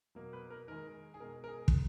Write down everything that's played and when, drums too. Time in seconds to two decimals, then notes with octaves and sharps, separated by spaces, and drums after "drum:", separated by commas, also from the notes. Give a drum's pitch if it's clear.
0.15 B2 F#3 A#3
0.33 B4
0.50 A#4
0.68 D#3 G#3 A#4
1.14 G#4
1.20 B2 G#3 A#4
1.44 A#4
1.48 G#4
1.68 drum: kick